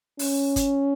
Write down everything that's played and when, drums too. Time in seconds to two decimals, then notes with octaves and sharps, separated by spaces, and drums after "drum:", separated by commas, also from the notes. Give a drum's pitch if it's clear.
0.19 C#4, drum: open hi-hat
0.56 drum: kick G1, hi-hat